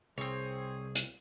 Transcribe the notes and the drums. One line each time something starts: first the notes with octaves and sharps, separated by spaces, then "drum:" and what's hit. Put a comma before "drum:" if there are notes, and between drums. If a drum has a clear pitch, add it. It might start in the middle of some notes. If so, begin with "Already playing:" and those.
C2 C4 G#4 C#5
drum: hi-hat